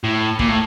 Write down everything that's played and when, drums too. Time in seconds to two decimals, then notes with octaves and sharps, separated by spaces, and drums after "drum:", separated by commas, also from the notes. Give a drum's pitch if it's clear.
0.04 A2
0.39 A#2, drum: kick
0.48 A2